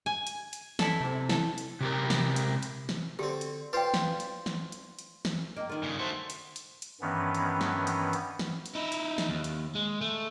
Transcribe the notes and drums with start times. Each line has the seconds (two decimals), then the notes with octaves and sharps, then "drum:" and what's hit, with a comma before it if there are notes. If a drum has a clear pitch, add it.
0.06 G#5
0.27 drum: hi-hat
0.53 drum: hi-hat
0.79 E4 A4, drum: snare
1.01 C3
1.29 E4 A4, drum: snare
1.58 drum: hi-hat
1.81 C3 G4 A#4
2.10 drum: snare
2.36 drum: hi-hat
2.63 drum: hi-hat
2.89 drum: snare
3.19 D3 C4 G4
3.41 drum: hi-hat
3.73 F4 B4 C5 D5 G5
3.94 drum: snare
4.20 drum: hi-hat
4.46 drum: snare
4.72 drum: hi-hat
4.99 drum: hi-hat
5.25 drum: snare
5.56 A#3 D#5 G5
5.69 D#3 F4 A#4
5.83 G2 C#3
5.99 A3 F#4 C5
6.30 drum: hi-hat
6.56 drum: hi-hat
6.82 drum: hi-hat
7.01 G2 D#3 E3 B3 C#4
7.35 drum: hi-hat
7.61 drum: snare
7.87 drum: hi-hat
8.13 drum: hi-hat
8.39 drum: snare
8.66 drum: hi-hat
8.75 D#4 E4
8.92 drum: hi-hat
9.18 drum: snare
9.29 D#2
9.44 drum: hi-hat
9.75 G#3
10.01 A3